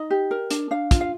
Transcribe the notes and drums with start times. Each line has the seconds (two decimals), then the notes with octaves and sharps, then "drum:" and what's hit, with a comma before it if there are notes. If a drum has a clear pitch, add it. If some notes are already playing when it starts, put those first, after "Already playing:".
Already playing: D#4 D#5
0.11 G4
0.31 A#4
0.50 D4, drum: hi-hat
0.71 D4 F5
0.91 F4, drum: kick, hi-hat
1.01 F5